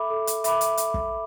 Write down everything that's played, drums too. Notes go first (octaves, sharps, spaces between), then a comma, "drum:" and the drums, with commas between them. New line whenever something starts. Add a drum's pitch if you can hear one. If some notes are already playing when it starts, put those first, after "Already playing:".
Already playing: A4 E5 B5 D6
A4
drum: hi-hat
E5 B5 D6, drum: hi-hat
drum: hi-hat
drum: hi-hat
drum: kick